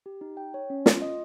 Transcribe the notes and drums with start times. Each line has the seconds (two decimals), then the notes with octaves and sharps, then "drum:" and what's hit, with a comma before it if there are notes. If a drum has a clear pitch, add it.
0.06 G4
0.21 D#4
0.37 G5
0.54 C#5
0.70 C#4
0.86 F4, drum: snare
1.02 D#5